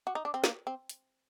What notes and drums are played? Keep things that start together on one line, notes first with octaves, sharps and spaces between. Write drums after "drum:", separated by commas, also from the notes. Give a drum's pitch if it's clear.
F#4
D#4
D4
C4
A#3, drum: snare
C4
drum: hi-hat